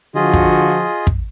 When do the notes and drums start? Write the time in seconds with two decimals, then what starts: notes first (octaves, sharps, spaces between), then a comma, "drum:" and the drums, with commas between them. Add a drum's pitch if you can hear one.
0.15 D3 F3 F4 F#4 G#4 D#5
0.33 drum: kick
1.07 drum: kick